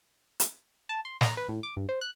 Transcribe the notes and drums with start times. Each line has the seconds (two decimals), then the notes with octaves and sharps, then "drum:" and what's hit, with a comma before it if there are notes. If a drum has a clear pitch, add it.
0.40 drum: hi-hat
0.89 A5
1.05 C6
1.21 A#5, drum: snare
1.37 B4
1.49 A2
1.63 D6
1.77 G2
1.89 C5
2.01 F#6